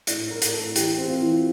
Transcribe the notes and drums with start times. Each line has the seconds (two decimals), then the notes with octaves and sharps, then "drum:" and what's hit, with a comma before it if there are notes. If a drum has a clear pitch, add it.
0.07 A2 D5, drum: hi-hat
0.31 A2 A#4
0.42 drum: hi-hat
0.53 A2 A4
0.76 E3 G4, drum: hi-hat
0.98 C4
1.09 F4
1.22 E3